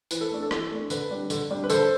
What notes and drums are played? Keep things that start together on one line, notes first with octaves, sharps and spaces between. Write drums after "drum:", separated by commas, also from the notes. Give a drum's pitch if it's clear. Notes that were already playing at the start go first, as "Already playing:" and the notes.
E3 B4, drum: tambourine
A4
A3 D4
A4
E3, drum: rim click
A3 D4
D3 B4, drum: tambourine
G3 D4
D3, drum: tambourine
G3 D4
B4
D3 A4 C5, drum: tambourine